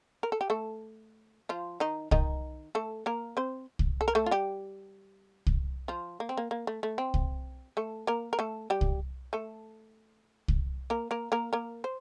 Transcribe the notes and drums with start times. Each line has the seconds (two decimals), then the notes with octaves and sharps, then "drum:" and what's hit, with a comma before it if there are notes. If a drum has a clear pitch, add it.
0.23 A#4
0.32 A4
0.41 G4
0.50 A3 A4
1.49 F3 F4
1.80 D#3 D#4
2.11 D#3 D#4, drum: kick C2
2.75 A3 A4
3.06 A#3 A#4
3.37 C4 C5
3.79 drum: kick C2
4.01 A4
4.08 A#4
4.15 A3 A4
4.26 F4
4.31 G3 G4
5.47 drum: kick C2
5.88 F3 F4
6.20 A#3
6.29 C4
6.37 A#3
6.51 A#3
6.67 A3
6.83 A3
6.98 C4
7.14 drum: kick C2
7.77 A3 A4
8.07 A#3 A#4
8.33 A#4
8.39 A3 A4
8.70 G3 G4
8.81 drum: kick C2
9.33 A3 A4
10.48 drum: kick C2
10.90 A#3 A#4
11.11 A#3 A#4
11.32 A#3 A#4
11.53 A#3 A#4
11.84 C5